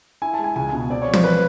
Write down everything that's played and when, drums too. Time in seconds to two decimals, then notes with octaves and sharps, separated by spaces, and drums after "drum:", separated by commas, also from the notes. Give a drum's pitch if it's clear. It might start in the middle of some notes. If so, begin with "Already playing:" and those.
0.22 E4 G#5
0.34 A5
0.39 G#3
0.44 G#5
0.56 C#2 G#5
0.73 B2
0.90 C4 D5
1.02 C#5
1.07 F3
1.13 C5, drum: tom
1.24 B4